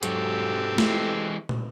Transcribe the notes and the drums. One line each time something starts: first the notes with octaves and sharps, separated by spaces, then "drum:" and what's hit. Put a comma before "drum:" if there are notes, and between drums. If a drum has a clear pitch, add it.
G#2 F#3 C4 G4 A4, drum: hi-hat
E3 G#3, drum: snare
drum: tom